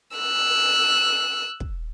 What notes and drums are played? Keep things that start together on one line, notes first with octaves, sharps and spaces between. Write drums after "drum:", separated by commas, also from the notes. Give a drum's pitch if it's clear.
E6 F#6
drum: kick